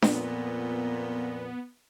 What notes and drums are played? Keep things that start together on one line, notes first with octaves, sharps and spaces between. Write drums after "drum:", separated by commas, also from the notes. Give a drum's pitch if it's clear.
F2 A#2 B3, drum: snare D4